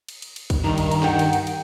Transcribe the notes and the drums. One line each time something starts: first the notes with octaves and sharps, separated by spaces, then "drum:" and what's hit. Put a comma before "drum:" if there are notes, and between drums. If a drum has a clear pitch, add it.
drum: cymbal
drum: cymbal
drum: cymbal
drum: kick, cymbal
G2 D#3 A#5
drum: cymbal
drum: cymbal
F#5 G5, drum: snare
drum: cymbal
drum: cymbal
drum: cymbal